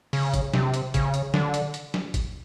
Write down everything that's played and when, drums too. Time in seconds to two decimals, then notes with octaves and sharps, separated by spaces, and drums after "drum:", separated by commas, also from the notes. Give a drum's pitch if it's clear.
0.13 C#3, drum: open hi-hat
0.34 drum: kick G#1, hi-hat
0.54 C3, drum: snare
0.74 drum: hi-hat
0.94 C#3, drum: kick G#1, hi-hat
1.14 drum: hi-hat
1.34 D3, drum: snare
1.54 drum: hi-hat
1.74 drum: hi-hat
1.94 drum: snare
2.14 drum: kick G#1, hi-hat